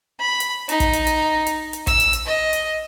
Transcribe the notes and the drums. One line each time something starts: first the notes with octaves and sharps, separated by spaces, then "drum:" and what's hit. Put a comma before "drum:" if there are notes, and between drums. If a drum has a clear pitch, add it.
B5
drum: hi-hat
D#4, drum: hi-hat
drum: kick, hi-hat
drum: hi-hat
drum: hi-hat
drum: hi-hat
drum: hi-hat
E6, drum: kick, hi-hat
drum: hi-hat
drum: hi-hat
D#5
drum: hi-hat